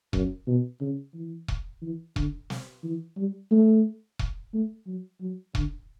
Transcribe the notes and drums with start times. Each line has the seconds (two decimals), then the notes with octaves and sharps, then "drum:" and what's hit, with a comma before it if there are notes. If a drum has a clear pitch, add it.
0.13 F#2, drum: kick E1
0.47 B2
0.81 C#3
1.14 E3
1.48 drum: kick E1
1.82 E3
2.16 D3, drum: kick E1
2.50 drum: snare
2.84 E3
3.18 G3
3.51 A3
4.19 drum: kick E1
4.54 A3
4.87 F#3
5.21 F#3
5.55 D3, drum: kick E1